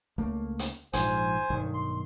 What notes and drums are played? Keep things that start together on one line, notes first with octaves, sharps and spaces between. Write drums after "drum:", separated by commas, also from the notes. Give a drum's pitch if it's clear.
C#2 A3 A#3
drum: hi-hat
A#1 G#2 F3 C5 G#5, drum: hi-hat
B1 G2 D#3
C6